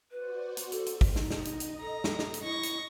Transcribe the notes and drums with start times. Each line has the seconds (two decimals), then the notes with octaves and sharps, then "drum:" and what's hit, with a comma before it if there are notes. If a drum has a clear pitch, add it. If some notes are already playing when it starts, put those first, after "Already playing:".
0.12 F#4 B4 C5 D5
0.57 drum: hi-hat
0.72 A4, drum: hi-hat
0.86 drum: hi-hat
1.01 drum: kick, open hi-hat
1.16 D#4 D#5, drum: snare
1.31 drum: snare
1.45 drum: hi-hat
1.60 drum: hi-hat
1.80 A4 A#5
2.04 drum: snare
2.19 drum: snare
2.34 drum: hi-hat
2.43 E4 C#6 A#6
2.63 drum: hi-hat